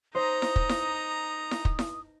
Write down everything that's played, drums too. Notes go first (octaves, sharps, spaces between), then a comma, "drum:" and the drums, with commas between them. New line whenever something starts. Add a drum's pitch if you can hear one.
D#4 C5 A#5 D#6
drum: snare E4
drum: kick
drum: snare E4
drum: snare E4
drum: kick
drum: snare E4